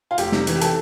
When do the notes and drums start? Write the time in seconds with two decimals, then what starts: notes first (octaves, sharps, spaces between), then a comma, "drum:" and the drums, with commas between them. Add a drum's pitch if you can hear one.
0.11 F4
0.18 F1 G4, drum: hi-hat
0.32 C3, drum: snare
0.47 E3, drum: hi-hat
0.55 G4
0.61 A4, drum: hi-hat